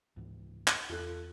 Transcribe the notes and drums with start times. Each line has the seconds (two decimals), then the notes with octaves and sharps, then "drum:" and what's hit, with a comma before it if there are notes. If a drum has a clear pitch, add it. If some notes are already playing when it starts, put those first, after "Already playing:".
0.17 C#2 G#2 E3
0.67 drum: clap
0.89 E2 C4 F4 A4 F#6